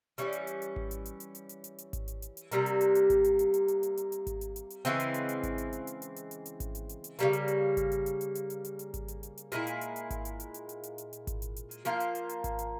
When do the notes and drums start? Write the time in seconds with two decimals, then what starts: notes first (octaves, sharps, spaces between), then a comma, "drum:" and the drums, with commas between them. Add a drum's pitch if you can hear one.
0.18 E3 G3 C#4, drum: hi-hat
0.32 drum: hi-hat
0.47 drum: hi-hat
0.62 drum: hi-hat
0.76 drum: kick G#1
0.91 drum: hi-hat
1.05 drum: hi-hat
1.20 drum: hi-hat
1.35 drum: hi-hat
1.49 drum: hi-hat
1.64 drum: hi-hat
1.78 drum: hi-hat
1.93 drum: kick G#1, hi-hat
2.08 drum: hi-hat
2.22 drum: hi-hat
2.37 drum: hi-hat
2.51 C3 G3 A#3, drum: hi-hat
2.66 drum: hi-hat
2.81 drum: hi-hat
2.95 drum: hi-hat
3.10 drum: kick G#1, hi-hat
3.24 drum: hi-hat
3.39 drum: hi-hat
3.54 drum: hi-hat
3.68 drum: hi-hat
3.83 drum: hi-hat
3.97 drum: hi-hat
4.12 drum: hi-hat
4.27 drum: kick G#1, hi-hat
4.41 drum: hi-hat
4.56 drum: hi-hat
4.70 drum: hi-hat
4.85 C#3 E3 G#3 C4, drum: hi-hat
5.00 drum: hi-hat
5.14 drum: hi-hat
5.29 drum: hi-hat
5.43 drum: kick G#1, hi-hat
5.58 drum: hi-hat
5.73 drum: hi-hat
5.87 drum: hi-hat
6.02 drum: hi-hat
6.16 drum: hi-hat
6.31 drum: hi-hat
6.46 drum: hi-hat
6.60 drum: kick G#1, hi-hat
6.75 drum: hi-hat
6.89 drum: hi-hat
7.04 drum: hi-hat
7.19 C#3 G3 A#3, drum: hi-hat
7.33 drum: hi-hat
7.48 drum: hi-hat
7.77 drum: kick G#1, hi-hat
7.92 drum: hi-hat
8.06 drum: hi-hat
8.21 drum: hi-hat
8.35 drum: hi-hat
8.50 drum: hi-hat
8.65 drum: hi-hat
8.79 drum: hi-hat
8.94 drum: kick G#1, hi-hat
9.08 drum: hi-hat
9.23 drum: hi-hat
9.37 drum: hi-hat
9.52 A#2 G#3 E4 G#4, drum: hi-hat
9.67 drum: hi-hat
9.81 drum: hi-hat
9.96 drum: hi-hat
10.10 drum: kick G#1, hi-hat
10.25 drum: hi-hat
10.40 drum: hi-hat
10.54 drum: hi-hat
10.69 drum: hi-hat
10.83 drum: hi-hat
10.98 drum: hi-hat
11.13 drum: hi-hat
11.27 drum: kick G#1, hi-hat
11.42 drum: hi-hat
11.56 drum: hi-hat
11.71 drum: hi-hat
11.85 F3 A#3 F4 A#4, drum: hi-hat
12.00 drum: hi-hat
12.15 drum: hi-hat
12.29 drum: hi-hat
12.44 drum: kick G#1, hi-hat
12.59 drum: hi-hat